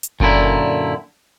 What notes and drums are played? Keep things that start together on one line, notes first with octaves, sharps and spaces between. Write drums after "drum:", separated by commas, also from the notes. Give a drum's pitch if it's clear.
drum: hi-hat
F#2 A#2 D3 E4, drum: kick F#1